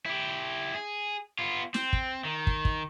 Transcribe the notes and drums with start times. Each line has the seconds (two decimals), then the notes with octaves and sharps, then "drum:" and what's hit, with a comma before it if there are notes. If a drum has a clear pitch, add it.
0.06 E4 G4
0.75 G#4
1.39 B3 F4
1.74 C4, drum: snare
1.93 drum: kick
2.25 D#3
2.47 drum: kick
2.65 drum: kick